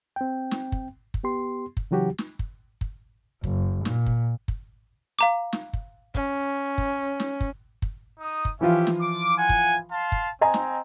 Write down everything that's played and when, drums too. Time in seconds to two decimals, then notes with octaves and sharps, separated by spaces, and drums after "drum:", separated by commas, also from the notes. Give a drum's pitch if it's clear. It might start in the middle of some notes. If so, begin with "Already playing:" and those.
0.16 C4 G5
0.51 drum: snare
0.72 drum: kick
1.14 drum: kick
1.24 B3 G4 C6
1.77 drum: kick
1.91 C#3 E3 F#3 F#4 G4
2.18 drum: snare
2.39 drum: kick
2.81 drum: kick
3.44 F#1, drum: kick
3.85 A#2, drum: snare
4.06 drum: kick
4.48 drum: kick
5.19 F5 A#5 D6
5.53 drum: snare
5.73 drum: kick
6.15 C#4, drum: kick
6.78 drum: kick
7.20 drum: snare
7.40 drum: kick
7.82 drum: kick
8.20 D#4 D#6
8.45 drum: kick
8.61 E3 F3 C#4 F4 G4 E5
8.87 drum: snare
9.01 D6
9.38 F#5 G#5
9.49 drum: kick
9.91 F5 A5 C6
10.12 drum: kick
10.41 C4 D#5 G#5 A#5
10.54 drum: snare